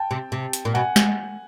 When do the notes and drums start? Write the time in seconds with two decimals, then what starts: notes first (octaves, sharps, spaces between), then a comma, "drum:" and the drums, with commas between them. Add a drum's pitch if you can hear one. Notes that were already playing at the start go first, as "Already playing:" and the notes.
Already playing: G5 A5
0.11 C3
0.32 C3
0.53 drum: hi-hat
0.65 A#2
0.74 B2 F#5 G#5
0.96 drum: snare